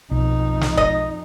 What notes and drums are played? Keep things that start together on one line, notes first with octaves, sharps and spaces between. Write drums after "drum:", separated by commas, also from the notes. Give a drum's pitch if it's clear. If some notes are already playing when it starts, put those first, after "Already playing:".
B1 F2 D#4
drum: snare
D#5, drum: kick